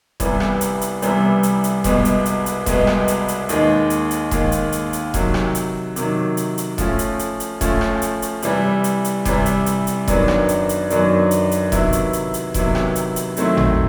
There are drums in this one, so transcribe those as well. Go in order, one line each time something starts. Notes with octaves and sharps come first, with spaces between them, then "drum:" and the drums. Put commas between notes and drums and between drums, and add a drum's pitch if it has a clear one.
C2 C3 E3 G3 B3, drum: kick E1, hi-hat
drum: rim click
drum: hi-hat
drum: hi-hat
C2 C3 E3 G3 B3, drum: hi-hat
drum: hi-hat
drum: hi-hat
C2 B2 G#3 B3, drum: kick E1, hi-hat
drum: hi-hat
drum: hi-hat
drum: hi-hat
C2 B2 G#3 B3, drum: kick E1, hi-hat
drum: rim click
drum: hi-hat
drum: hi-hat
D#2 D#3 G#3, drum: hi-hat
drum: hi-hat
drum: hi-hat
D#2 D#3 G#3, drum: kick E1, hi-hat
drum: hi-hat
drum: hi-hat
drum: hi-hat
C3 D#3 F#3, drum: kick E1, hi-hat
drum: rim click
drum: hi-hat
C3 D#3 F#3, drum: hi-hat
drum: hi-hat
drum: hi-hat
F3 A3 C#4, drum: kick E1, hi-hat
drum: hi-hat
drum: hi-hat
drum: hi-hat
F3 A3 C#4, drum: kick E1, hi-hat
drum: rim click
drum: hi-hat
drum: hi-hat
C3 E3 G3, drum: hi-hat
drum: hi-hat
drum: hi-hat
C3 E3 G3, drum: kick E1, hi-hat
drum: hi-hat
drum: hi-hat
drum: hi-hat
F#2 D#3 F#3 B3 D4, drum: kick E1, hi-hat
drum: rim click
drum: hi-hat
drum: hi-hat
F#2 D#3 F#3 B3 D4, drum: hi-hat
drum: hi-hat
drum: hi-hat
C3 D#3 F#3 B3 E4, drum: kick E1, hi-hat
drum: hi-hat
drum: hi-hat
drum: hi-hat
C3 D#3 F#3 B3 E4, drum: kick E1, hi-hat
drum: rim click
drum: hi-hat
drum: hi-hat
D#3 F#3 A3 C4 E4, drum: hi-hat
drum: tom G#1